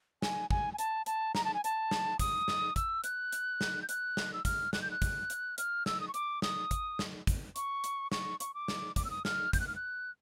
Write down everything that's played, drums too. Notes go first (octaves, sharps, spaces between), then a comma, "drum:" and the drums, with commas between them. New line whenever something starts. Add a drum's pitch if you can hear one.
G#5, drum: snare
G#5, drum: kick
G#5
A5, drum: hi-hat
A5, drum: hi-hat
A#5, drum: snare
A5
G#5
A5, drum: hi-hat
drum: snare
D#6, drum: kick, hi-hat
drum: snare
E6, drum: kick, hi-hat
F#6, drum: hi-hat
drum: hi-hat
drum: snare
G6
F#6, drum: hi-hat
drum: snare
E6
F6, drum: kick, hi-hat
F#6, drum: snare
G6
F#6
drum: kick, hi-hat
drum: hi-hat
F6, drum: hi-hat
E6, drum: snare
D#6
C#6
D6, drum: hi-hat
D#6, drum: snare
drum: kick, hi-hat
drum: snare
drum: kick, hi-hat
C#6, drum: hi-hat
drum: hi-hat
C#6, drum: snare
C#6, drum: hi-hat
D6
drum: snare
D6, drum: kick, hi-hat
E6
D#6
F6, drum: snare
G6, drum: kick, hi-hat
F#6
F6
F#6